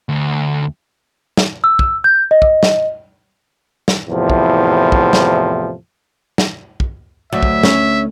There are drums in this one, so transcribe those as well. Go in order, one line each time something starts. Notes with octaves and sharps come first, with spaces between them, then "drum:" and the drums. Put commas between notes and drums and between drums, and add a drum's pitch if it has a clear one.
D2
drum: snare
E6
drum: kick
G6
D#5
drum: kick
drum: snare
drum: snare
E2 A2 C3 F3
drum: kick
drum: kick
drum: snare
drum: snare
drum: kick
D2 F#3 E5
drum: kick
C#4, drum: snare